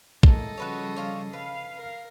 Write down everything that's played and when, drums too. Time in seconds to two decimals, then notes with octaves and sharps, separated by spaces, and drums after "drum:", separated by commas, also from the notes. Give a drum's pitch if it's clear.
0.23 A2 G#3 A#3 A4 D#5, drum: kick
0.58 C#3 F3 G3 F#4 B4 C#5
0.96 D4 F4 C#5
1.33 B4 F5
1.75 A#4